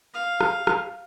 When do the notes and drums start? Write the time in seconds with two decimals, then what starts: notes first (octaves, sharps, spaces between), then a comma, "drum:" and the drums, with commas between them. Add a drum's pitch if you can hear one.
0.14 F5
0.41 drum: rim click
0.67 drum: rim click